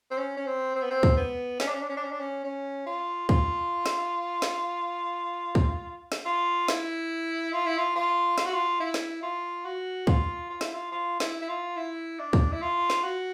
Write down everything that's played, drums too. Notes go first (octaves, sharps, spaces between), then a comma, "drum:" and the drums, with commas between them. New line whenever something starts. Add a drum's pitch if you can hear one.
C4
C#4
C#4
C4
C4
B3
C4
drum: kick
B3
C#4, drum: snare
D4
C#4
D4
C#4
D4
C#4
D4
C#4
C#4
F4
F4, drum: kick
drum: snare
drum: snare
drum: kick
drum: snare
F4
E4, drum: snare
F4
E4
F4
F4
F4, drum: snare
F#4
F4
E4
drum: snare
F4
F#4
F4, drum: kick
F4
E4, drum: snare
F4
F4
E4, drum: snare
E4
F4
E4
D4
drum: kick
E4
F4
drum: snare
F#4